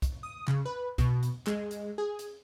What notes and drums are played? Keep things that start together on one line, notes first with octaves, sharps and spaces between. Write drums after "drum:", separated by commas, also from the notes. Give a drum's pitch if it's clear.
drum: kick, hi-hat
D#6
C#3, drum: clap
B4
B2, drum: kick, hi-hat
drum: hi-hat
G#3, drum: clap
drum: hi-hat
G#4
drum: hi-hat